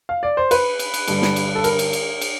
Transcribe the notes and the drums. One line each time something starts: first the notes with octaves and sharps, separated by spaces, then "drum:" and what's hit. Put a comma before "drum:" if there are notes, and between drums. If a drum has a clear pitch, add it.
F5
D5
C5
B4, drum: cymbal
drum: cymbal
drum: cymbal
G2 D3 G3, drum: cymbal
drum: snare
drum: cymbal
A4
A#4, drum: cymbal
drum: cymbal
drum: cymbal
drum: cymbal